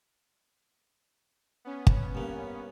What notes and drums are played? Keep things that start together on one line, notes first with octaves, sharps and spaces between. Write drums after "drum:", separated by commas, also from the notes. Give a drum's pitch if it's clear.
B3 C#4
drum: kick
G2 A#3